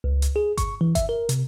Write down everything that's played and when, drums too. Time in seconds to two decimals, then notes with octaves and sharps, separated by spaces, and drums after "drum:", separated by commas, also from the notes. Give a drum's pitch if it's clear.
0.04 C#2
0.22 drum: hi-hat
0.36 G#4
0.58 C#6, drum: kick G1, hi-hat
0.81 E3
0.95 E5, drum: kick G1, hi-hat
1.09 A#4
1.29 C3, drum: hi-hat